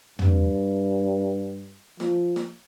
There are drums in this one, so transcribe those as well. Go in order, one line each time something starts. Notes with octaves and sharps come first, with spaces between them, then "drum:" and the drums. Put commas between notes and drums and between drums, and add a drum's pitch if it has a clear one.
G2, drum: tom
F3, drum: snare
drum: snare